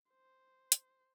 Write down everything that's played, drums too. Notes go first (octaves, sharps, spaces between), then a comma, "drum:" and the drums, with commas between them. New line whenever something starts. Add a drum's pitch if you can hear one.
C5
drum: hi-hat